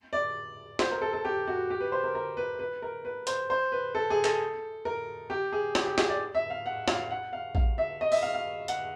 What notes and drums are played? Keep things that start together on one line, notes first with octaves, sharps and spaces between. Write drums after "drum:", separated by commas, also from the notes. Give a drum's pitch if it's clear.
D5
C5, drum: snare
A#4
A4
A4
G4
F#4
G4
B4
C5
A#4
A#4
B4
B4
A#4
B4
C5, drum: hi-hat
C5
B4
A4
G#4
A4, drum: clap
A#4
G4
G#4
G4, drum: snare
G4
G#4, drum: snare
D5
E5
F5
F#5
F5, drum: snare
F#5
F5
F5, drum: kick
E5
D#5
E5, drum: open hi-hat
F5
F5
F#5, drum: hi-hat